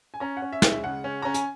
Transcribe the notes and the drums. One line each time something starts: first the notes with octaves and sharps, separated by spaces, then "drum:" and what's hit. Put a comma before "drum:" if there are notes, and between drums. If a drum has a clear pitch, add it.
G#5
C#4 A#5
F#5
C#4
E5
G#3, drum: snare
E5
C#3 F#5
C#4
C#4 A#5
G#5, drum: hi-hat